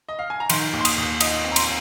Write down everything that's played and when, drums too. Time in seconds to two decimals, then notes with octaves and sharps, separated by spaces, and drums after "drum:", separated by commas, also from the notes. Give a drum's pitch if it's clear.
0.09 D#5
0.19 F5
0.30 G#5
0.40 A#5
0.50 D#3 C6, drum: cymbal
0.73 D#2
0.81 C6
0.85 D#6, drum: cymbal
0.98 D#2
1.20 D#4 D#6, drum: cymbal
1.45 C4
1.52 A#5
1.56 C6, drum: cymbal